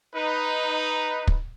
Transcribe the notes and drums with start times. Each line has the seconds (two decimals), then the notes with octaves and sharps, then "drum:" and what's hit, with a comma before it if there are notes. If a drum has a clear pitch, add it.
0.15 D#4 B4
1.28 drum: kick